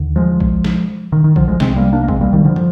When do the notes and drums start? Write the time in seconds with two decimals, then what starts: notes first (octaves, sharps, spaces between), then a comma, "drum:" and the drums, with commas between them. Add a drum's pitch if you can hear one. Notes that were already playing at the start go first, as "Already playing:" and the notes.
Already playing: D#2 D3
0.16 F3 G#3
0.40 drum: kick A#1
0.64 drum: snare
1.12 D#3
1.24 D#3
1.36 D3 F3, drum: kick A#1
1.48 F3 G#3
1.60 C2 C3 G#3 C4, drum: snare
1.76 G3 A#3
1.93 A#3 D4
2.03 A#3
2.08 G#3 C4, drum: kick A#1
2.21 G3 A#3
2.33 D#3 G3
2.45 D3 F3
2.56 F3, drum: tom